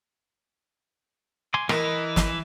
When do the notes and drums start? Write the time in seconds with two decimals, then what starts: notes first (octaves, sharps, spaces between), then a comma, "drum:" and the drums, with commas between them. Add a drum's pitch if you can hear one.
1.54 G#5 C6 D6
1.69 E3 A#4 D#5, drum: rim click
2.16 drum: snare